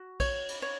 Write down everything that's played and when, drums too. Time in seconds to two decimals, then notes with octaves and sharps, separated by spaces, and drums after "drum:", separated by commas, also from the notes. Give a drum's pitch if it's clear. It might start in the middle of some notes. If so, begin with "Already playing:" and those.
Already playing: F#4
0.20 C#5, drum: kick A#1, cymbal
0.48 drum: cymbal
0.62 C#5